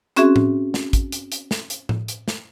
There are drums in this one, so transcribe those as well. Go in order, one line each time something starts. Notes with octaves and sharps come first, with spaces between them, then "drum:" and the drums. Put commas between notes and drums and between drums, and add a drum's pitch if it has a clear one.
C4 C#4 F#4 G#4 E5, drum: hi-hat
drum: tom A2
drum: snare
drum: kick, hi-hat
drum: hi-hat
drum: hi-hat
drum: snare
drum: hi-hat
drum: tom A2
drum: hi-hat
drum: snare